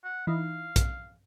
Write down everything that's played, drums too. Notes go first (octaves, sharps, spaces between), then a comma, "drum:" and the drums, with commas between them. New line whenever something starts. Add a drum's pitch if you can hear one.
F#5
E3 D#4 E4 F5
drum: kick A#1, hi-hat